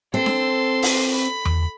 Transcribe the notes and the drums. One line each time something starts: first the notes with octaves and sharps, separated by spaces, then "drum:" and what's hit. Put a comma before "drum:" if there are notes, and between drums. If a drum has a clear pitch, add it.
C4 A4 C6
drum: snare D4
drum: open hi-hat
B5
drum: tom E2